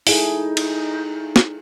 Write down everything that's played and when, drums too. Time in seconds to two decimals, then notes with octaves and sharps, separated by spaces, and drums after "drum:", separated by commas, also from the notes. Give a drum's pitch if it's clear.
0.07 D#4 E4 G#4 A4, drum: open hi-hat
0.57 drum: cymbal
1.36 drum: snare